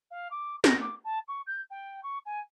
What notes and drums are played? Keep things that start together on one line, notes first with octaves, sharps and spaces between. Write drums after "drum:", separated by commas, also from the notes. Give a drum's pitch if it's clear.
F5
D6
A#6, drum: snare
D6
A5
C#6
G6
G5
C#6
G#5